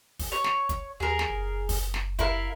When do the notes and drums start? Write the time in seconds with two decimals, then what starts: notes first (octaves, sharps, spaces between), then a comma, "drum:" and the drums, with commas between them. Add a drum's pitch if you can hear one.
0.19 drum: kick, open hi-hat
0.32 C#5
0.44 drum: snare
0.69 drum: kick, hi-hat
1.00 D#2 G#4 A#4
1.19 drum: snare
1.30 F#1
1.69 drum: kick, open hi-hat
1.94 drum: snare
2.19 E4 A#4 F5, drum: kick, hi-hat